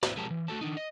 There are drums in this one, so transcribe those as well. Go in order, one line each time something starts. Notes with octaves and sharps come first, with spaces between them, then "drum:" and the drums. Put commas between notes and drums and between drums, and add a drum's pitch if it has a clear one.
E4 B4 C5 D5, drum: snare
B1 F3 G#3 G4 A#4 A5
E3
A3 F#4 A4 A5
D#3 D4 D#4
D#5